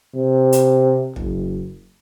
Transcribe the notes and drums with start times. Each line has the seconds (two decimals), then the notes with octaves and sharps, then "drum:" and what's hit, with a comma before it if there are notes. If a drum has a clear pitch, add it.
0.14 C3
0.52 drum: hi-hat
1.16 F#1, drum: kick